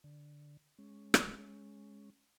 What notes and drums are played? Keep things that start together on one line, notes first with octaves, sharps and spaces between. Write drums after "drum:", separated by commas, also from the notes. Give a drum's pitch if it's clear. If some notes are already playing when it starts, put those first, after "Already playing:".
D3
G#3 C#4
drum: rim click